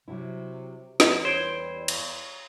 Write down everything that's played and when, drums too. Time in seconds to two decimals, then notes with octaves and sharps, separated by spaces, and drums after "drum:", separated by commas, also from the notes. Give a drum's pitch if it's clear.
0.08 C3 F#3 E4
1.00 E2 E3 G3 A3 E4, drum: snare
1.25 C5 C#5 G#6 D7
1.88 drum: cymbal